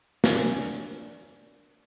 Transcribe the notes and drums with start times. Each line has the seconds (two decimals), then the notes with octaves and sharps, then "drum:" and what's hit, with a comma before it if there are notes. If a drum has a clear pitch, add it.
0.24 D4 A#4 C#5 G#5, drum: snare